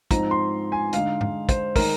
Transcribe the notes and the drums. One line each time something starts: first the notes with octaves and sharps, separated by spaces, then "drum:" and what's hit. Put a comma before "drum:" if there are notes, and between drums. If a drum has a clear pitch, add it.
G#2 F3 C4 D#4 A#5, drum: kick, hi-hat
C6
G#5
D3 G#3 D#4 F5, drum: hi-hat
drum: tom G#2
C5, drum: kick, hi-hat
D#3 G#3 A#4, drum: kick, open hi-hat